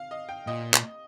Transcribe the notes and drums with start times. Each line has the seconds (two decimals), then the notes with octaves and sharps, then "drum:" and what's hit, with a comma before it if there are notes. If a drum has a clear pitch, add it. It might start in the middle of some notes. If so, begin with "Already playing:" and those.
Already playing: F5
0.11 D#5
0.29 G5
0.47 A#2 D#5
0.74 drum: clap